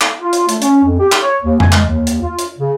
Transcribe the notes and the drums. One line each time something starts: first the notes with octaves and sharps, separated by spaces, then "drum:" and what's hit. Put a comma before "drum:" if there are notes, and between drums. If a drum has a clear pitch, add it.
drum: clap
F4
drum: hi-hat
A3, drum: hi-hat
C#4, drum: hi-hat
F2
G4
drum: clap
C#5
D#2
G#5, drum: tom F2
G#3, drum: clap
D#2
drum: hi-hat
F4
drum: hi-hat
C#3